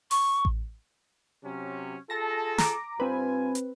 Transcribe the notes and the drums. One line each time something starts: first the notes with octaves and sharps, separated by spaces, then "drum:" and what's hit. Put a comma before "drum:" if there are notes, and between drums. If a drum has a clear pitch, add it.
C#6, drum: open hi-hat
drum: kick A1
C3 F#3 C#4
F4 G#4 A4 A5 A#6
A#5 D6, drum: snare
G2 C4 F4 B4 G#5
drum: hi-hat